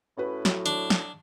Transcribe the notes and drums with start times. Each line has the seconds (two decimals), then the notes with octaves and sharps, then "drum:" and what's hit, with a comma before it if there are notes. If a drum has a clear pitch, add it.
0.17 A2 C#4 F#4 B4
0.45 F#3, drum: snare
0.66 D4, drum: hi-hat
0.90 drum: snare